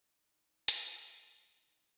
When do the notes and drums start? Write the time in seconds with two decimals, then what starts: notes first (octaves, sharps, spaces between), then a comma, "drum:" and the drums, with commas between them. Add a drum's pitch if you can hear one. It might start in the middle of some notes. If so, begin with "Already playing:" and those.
0.14 D#4
0.68 drum: hi-hat
1.52 D#4